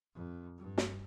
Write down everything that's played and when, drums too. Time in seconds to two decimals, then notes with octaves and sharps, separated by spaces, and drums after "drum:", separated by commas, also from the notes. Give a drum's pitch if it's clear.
0.14 F2
0.58 G2
0.78 drum: snare